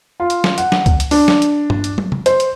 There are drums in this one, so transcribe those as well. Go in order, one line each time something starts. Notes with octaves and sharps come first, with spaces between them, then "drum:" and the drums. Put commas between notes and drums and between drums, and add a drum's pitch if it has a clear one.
F4
drum: hi-hat
drum: snare
F#5, drum: hi-hat
drum: snare
drum: kick C#2, hi-hat
drum: hi-hat
D4, drum: open hi-hat
drum: snare
drum: hi-hat
drum: tom G2
drum: hi-hat
drum: tom
drum: tom C3
C5, drum: hi-hat
drum: hi-hat